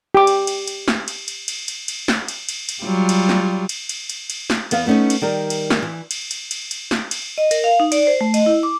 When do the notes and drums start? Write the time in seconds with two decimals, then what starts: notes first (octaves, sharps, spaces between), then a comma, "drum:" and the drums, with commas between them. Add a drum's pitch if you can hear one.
0.15 G4 D6
0.27 drum: cymbal
0.47 drum: cymbal
0.67 drum: cymbal
0.88 drum: snare
1.08 drum: cymbal
1.28 drum: cymbal
1.48 drum: cymbal
1.68 drum: cymbal
1.88 drum: cymbal
2.08 drum: snare
2.28 drum: cymbal
2.49 drum: cymbal
2.69 drum: cymbal
2.83 F#3 G3 F4
3.09 drum: cymbal
3.29 drum: snare
3.69 drum: cymbal
3.89 drum: cymbal
4.09 drum: cymbal
4.30 drum: cymbal
4.50 drum: snare
4.71 E2 B3 B4 F5, drum: cymbal
4.87 A3 B3 C#4 D#4 B4
5.10 drum: cymbal
5.22 D#3 G3 A#4
5.50 drum: cymbal
5.70 drum: snare
5.82 E3
6.11 drum: cymbal
6.31 drum: cymbal
6.51 drum: cymbal
6.71 drum: cymbal
6.91 drum: snare
7.11 drum: cymbal
7.38 D#5
7.51 A#4, drum: cymbal
7.64 F5
7.80 D#4
7.92 D5, drum: cymbal
8.07 C5
8.21 A3
8.34 D#5, drum: cymbal
8.46 E4
8.63 D6